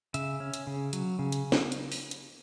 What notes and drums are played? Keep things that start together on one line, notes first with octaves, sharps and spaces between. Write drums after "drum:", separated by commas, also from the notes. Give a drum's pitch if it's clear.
C#3 E5, drum: hi-hat
C#4
drum: hi-hat
C#3
F#3, drum: hi-hat
C#3
drum: hi-hat
drum: snare
drum: hi-hat
drum: open hi-hat
drum: hi-hat